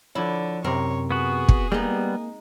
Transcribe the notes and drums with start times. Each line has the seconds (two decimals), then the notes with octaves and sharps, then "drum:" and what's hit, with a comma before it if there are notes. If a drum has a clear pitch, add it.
0.15 D3 F3 E4 C#5
0.64 F#2 C3 C4 A#4 C#5
1.11 B3 F#4 G#4
1.49 drum: kick
1.72 G3 G#3 A#3 B3 D#4